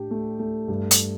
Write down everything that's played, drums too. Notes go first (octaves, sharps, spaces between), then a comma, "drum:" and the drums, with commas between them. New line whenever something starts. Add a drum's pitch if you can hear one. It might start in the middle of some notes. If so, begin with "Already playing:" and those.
Already playing: A2 D4 G4
A3
A3
G2
drum: hi-hat